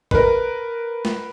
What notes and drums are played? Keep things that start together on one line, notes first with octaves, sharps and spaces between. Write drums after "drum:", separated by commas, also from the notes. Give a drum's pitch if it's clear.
A#4 B4, drum: kick
drum: snare